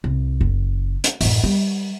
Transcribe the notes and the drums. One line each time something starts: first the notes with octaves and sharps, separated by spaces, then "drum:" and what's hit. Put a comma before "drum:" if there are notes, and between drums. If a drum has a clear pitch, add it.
C2
F#1
drum: hi-hat
A1 F#2, drum: open hi-hat
G3